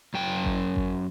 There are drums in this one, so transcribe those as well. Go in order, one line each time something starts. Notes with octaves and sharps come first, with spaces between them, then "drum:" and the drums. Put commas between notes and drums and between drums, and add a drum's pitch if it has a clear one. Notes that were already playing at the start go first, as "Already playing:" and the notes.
F#2 G5
drum: kick G#1
drum: kick G#1